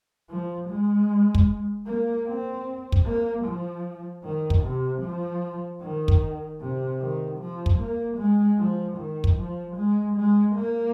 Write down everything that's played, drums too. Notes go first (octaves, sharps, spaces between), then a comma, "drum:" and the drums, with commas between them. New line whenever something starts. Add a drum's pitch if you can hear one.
F3
G#3
drum: kick
A#3
C4
drum: kick
A#3
F3
D#3
drum: kick
C3
F3
D#3
drum: kick
C3
D#3
F3
drum: kick
A#3
G#3
F3
D#3
drum: kick
F3
G#3
G#3
A#3